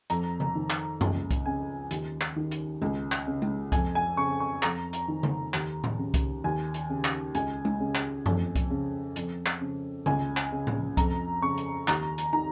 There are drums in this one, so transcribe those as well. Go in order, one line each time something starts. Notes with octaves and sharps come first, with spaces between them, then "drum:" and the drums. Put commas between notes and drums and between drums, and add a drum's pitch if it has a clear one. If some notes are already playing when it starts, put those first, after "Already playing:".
F2 A#5, drum: hi-hat
drum: tom C#3
D#3
drum: clap
C#2, drum: tom F#2
drum: kick C2, hi-hat
C#3 G#5
D#2, drum: hi-hat
drum: clap
D#3
drum: hi-hat
C#2, drum: tom G#3
drum: clap
C#3
drum: tom G#3
F2 G#5, drum: kick C2, hi-hat
G#5
C#3 C#6
C#6
F2 A#5, drum: clap
drum: hi-hat
D#3
drum: tom C#3
D#2, drum: clap
drum: tom A2
C#3
drum: kick C2, hi-hat
D#2 G#5
drum: hi-hat
C#3
drum: clap
C#2 G#5, drum: hi-hat
drum: tom G#3
C#3
drum: clap
F2, drum: tom F#2
drum: kick C2, hi-hat
C#3
F2, drum: hi-hat
drum: clap
C#3
C#2 G#5, drum: tom C#3
drum: clap
C#3
drum: tom A2
F2 A#5, drum: kick C2, hi-hat
C#3 C#6
drum: hi-hat
D#2 A#5, drum: clap
drum: hi-hat
D#3 A#5